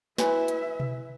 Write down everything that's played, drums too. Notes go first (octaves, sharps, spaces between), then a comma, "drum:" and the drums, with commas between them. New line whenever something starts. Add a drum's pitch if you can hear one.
E4 F#4 B4 C#5 E5 G#5, drum: snare
drum: hi-hat
drum: tom B2